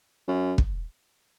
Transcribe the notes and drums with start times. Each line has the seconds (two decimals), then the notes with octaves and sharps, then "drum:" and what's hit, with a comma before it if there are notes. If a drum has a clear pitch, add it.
0.28 F#2
0.58 drum: kick